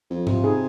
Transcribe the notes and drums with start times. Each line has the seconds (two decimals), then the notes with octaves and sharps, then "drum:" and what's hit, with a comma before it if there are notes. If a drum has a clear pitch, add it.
0.10 F2
0.27 C3 F4, drum: tom G#2
0.44 D#4 G#4